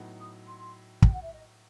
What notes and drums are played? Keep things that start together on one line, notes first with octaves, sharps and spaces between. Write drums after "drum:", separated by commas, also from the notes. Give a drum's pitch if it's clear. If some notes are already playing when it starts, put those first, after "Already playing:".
Already playing: A2 F#3 B3 D#4
D#6
C6
G5, drum: kick
F#5
E5
D#5